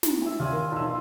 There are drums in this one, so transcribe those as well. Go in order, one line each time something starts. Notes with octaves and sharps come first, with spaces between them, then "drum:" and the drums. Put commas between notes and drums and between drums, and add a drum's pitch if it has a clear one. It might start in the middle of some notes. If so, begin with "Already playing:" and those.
drum: snare
E5 G#5
D#2 F4 D5 G#5
A#4
B1 E2 E6
C6